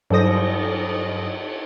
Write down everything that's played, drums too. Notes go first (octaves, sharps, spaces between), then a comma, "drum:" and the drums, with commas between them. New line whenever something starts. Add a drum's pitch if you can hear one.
G2 F#3 A4 C5 D#6 A#6, drum: cymbal